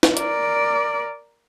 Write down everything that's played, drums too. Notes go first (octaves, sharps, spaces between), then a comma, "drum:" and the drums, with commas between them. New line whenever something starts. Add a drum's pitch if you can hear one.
drum: snare
A#4 D5, drum: hi-hat